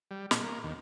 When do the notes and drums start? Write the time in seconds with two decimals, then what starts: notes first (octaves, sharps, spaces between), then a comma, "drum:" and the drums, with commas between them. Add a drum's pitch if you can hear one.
0.11 G3
0.31 A#2, drum: snare
0.44 A#3
0.64 D#2